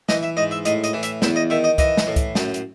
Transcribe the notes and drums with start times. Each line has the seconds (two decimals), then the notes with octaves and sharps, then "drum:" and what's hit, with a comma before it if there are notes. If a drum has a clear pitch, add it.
0.09 E3 D#5, drum: snare
0.23 E5
0.37 G#2 D#5
0.51 E5
0.65 A2 D#5, drum: hi-hat
0.84 D#5, drum: hi-hat
0.93 E3
1.03 E5, drum: hi-hat
1.22 E2 E5, drum: snare
1.36 D#5
1.50 D#3 E5
1.64 D#5
1.78 E3 D#5, drum: kick, hi-hat
1.97 drum: snare
2.07 A2
2.16 drum: kick, hi-hat
2.35 F#2, drum: snare
2.54 drum: hi-hat